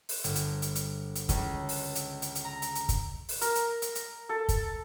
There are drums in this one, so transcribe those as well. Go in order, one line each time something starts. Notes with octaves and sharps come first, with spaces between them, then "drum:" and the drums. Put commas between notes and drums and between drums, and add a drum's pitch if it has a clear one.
drum: open hi-hat
G1, drum: hi-hat
drum: hi-hat
drum: hi-hat
drum: hi-hat
drum: hi-hat
C#2, drum: kick, hi-hat
drum: open hi-hat
drum: hi-hat
drum: hi-hat
drum: hi-hat
A#5
drum: hi-hat
drum: hi-hat
drum: kick, hi-hat
drum: open hi-hat
A#4, drum: hi-hat
drum: hi-hat
drum: hi-hat
drum: hi-hat
A4
drum: kick, hi-hat